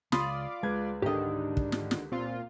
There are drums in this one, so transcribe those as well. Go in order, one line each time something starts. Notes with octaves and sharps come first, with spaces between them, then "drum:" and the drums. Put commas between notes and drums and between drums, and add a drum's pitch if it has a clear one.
C#2 F4 D5 B5 C6 D#6, drum: snare
C#2 G#3 B4 G#6
G#2 D3 D#3 D4 G4 D#5
drum: kick
drum: snare
drum: snare
A#2 C4 F4